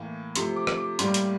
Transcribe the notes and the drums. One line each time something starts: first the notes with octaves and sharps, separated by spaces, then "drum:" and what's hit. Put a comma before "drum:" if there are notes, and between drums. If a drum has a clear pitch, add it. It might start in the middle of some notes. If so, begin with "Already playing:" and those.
Already playing: A2 E3 A#3
C3 F3 A3 C6, drum: hi-hat
D6
drum: rim click
D6
A2 G3 A#3 C6, drum: hi-hat
drum: hi-hat